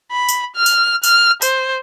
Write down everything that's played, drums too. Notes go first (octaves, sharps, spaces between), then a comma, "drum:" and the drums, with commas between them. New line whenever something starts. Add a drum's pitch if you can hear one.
B5
drum: tambourine
F6
drum: tambourine
F6, drum: tambourine
C5, drum: tambourine